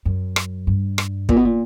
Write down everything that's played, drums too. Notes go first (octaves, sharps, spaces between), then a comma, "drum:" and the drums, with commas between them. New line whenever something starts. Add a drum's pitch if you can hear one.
F#2
drum: rim click
G2
drum: rim click
A#2, drum: kick
B2
A#2